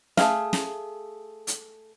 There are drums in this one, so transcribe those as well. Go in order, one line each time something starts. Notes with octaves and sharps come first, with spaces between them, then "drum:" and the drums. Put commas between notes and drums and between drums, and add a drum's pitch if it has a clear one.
A3 G#4 F5, drum: snare
drum: snare
drum: hi-hat